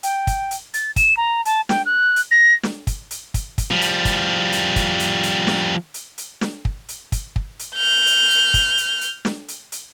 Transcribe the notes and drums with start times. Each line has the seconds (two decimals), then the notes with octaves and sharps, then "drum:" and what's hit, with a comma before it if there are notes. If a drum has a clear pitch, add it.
0.03 G5, drum: hi-hat
0.27 drum: kick, hi-hat
0.51 drum: hi-hat
0.74 A6, drum: hi-hat
0.96 E7, drum: kick, hi-hat
1.17 A#5
1.45 A5, drum: hi-hat
1.69 G5, drum: snare
1.85 F#6
2.16 drum: hi-hat
2.31 A#6
2.63 drum: snare
2.87 drum: kick, hi-hat
3.11 drum: hi-hat
3.34 drum: kick, hi-hat
3.58 drum: kick, hi-hat
3.71 F3 G3
3.81 drum: hi-hat
4.05 drum: kick, hi-hat
4.52 drum: hi-hat
4.76 drum: kick, hi-hat
5.00 drum: hi-hat
5.23 drum: hi-hat
5.47 drum: snare
5.94 drum: hi-hat
6.18 drum: hi-hat
6.41 drum: snare
6.65 drum: kick
6.89 drum: hi-hat
7.12 drum: kick, hi-hat
7.36 drum: kick
7.59 drum: hi-hat
7.74 F6 G6
8.07 drum: hi-hat
8.30 drum: hi-hat
8.54 drum: kick, hi-hat
8.78 drum: hi-hat
9.01 drum: hi-hat
9.25 drum: snare
9.48 drum: hi-hat
9.72 drum: hi-hat